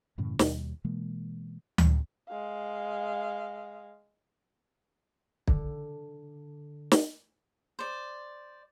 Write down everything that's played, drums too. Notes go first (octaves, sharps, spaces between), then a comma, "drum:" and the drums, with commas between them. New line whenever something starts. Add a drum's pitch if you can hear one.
F#2 A2 C#3 E3
D#2 B2 G3, drum: snare
B2 E3 G#3 A#3
drum: tom D2
G#3 F5
D3, drum: kick
drum: snare
C5 D5